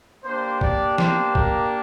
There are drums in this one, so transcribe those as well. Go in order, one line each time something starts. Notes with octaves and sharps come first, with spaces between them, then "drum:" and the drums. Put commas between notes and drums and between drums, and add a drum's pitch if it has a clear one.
A#3 D4 G4 C5
D5, drum: kick
C5, drum: snare
A#4, drum: kick